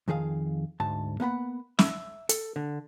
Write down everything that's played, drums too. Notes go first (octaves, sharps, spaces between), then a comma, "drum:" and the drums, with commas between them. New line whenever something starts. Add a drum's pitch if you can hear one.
F2 D#3 G#4 F5
D2 G#2 A5
A#3 B3 F#5 B5
E5, drum: snare
A4, drum: hi-hat
D3